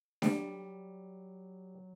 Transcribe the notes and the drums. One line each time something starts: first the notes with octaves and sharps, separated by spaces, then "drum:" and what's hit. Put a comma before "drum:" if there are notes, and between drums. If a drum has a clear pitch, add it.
F#3 G3, drum: snare D4